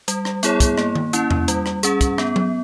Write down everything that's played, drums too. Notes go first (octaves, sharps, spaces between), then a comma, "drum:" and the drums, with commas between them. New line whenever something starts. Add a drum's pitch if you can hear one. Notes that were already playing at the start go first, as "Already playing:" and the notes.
G3, drum: hi-hat
drum: rim click
B3 E4 G#4 C#5, drum: hi-hat
drum: kick, hi-hat
A#3, drum: rim click
drum: tom D#3
C#4 E4, drum: hi-hat
drum: tom E2
G3, drum: hi-hat
drum: rim click
C#4 G#4, drum: hi-hat
drum: kick, hi-hat
B3, drum: rim click
drum: tom F#3